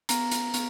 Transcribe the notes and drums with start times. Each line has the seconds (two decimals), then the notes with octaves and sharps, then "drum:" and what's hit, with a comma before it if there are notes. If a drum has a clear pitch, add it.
0.09 B3 A#5, drum: hi-hat
0.31 drum: hi-hat
0.54 B3, drum: hi-hat